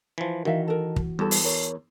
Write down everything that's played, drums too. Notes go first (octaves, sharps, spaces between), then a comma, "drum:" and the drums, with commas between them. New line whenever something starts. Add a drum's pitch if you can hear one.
E3 F3
D#3 E3 F#4 A#4 E5 F5
A4 A#4
drum: kick
E2 G3 F#4 A4
drum: open hi-hat
A#4 C#5